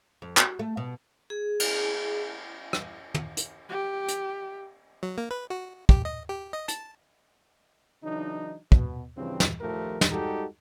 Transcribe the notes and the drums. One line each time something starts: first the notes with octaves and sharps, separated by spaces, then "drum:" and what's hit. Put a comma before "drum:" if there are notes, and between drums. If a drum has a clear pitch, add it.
F2
F#4, drum: clap
A3
B2
G#4
drum: cymbal
drum: rim click
drum: tom
drum: hi-hat
G4
drum: hi-hat
F#3
A#3
B4
F#4
G4, drum: kick
D#5
G4
D#5
A5, drum: hi-hat
C#3 E3 F#3 D4 D#4
B2, drum: kick
G2 C#3 E3 F3 C4
drum: snare
A#1 D#2 F3 A3 G4 A#4
drum: snare
G3 G#3 D#4 F#4 G4 A4